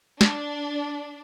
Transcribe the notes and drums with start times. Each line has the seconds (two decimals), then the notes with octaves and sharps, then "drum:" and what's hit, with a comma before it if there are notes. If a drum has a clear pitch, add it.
0.21 D4, drum: snare